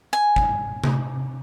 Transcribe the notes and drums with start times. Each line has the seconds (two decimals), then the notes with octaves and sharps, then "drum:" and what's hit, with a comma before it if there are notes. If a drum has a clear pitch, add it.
0.13 G#5
0.36 drum: kick G1
0.84 drum: tom C3